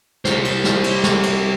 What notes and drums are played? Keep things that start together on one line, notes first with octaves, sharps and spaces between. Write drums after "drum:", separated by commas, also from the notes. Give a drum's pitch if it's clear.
G3 C5, drum: snare
drum: cymbal
drum: snare
drum: cymbal
drum: snare
drum: cymbal